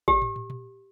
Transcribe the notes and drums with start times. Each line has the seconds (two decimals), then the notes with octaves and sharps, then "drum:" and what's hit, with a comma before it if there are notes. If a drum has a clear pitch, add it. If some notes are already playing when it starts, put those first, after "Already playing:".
0.08 G4, drum: kick G#1
0.22 drum: tom
0.36 drum: tom
0.50 drum: tom